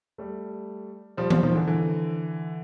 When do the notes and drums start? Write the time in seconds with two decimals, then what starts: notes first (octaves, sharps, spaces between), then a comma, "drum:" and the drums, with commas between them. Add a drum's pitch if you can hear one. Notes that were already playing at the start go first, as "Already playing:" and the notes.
0.18 G3 A3
1.17 F3 G3
1.30 F3 G3, drum: tom E3
1.42 D#3 F3
1.55 D3 E3
1.67 D3 E3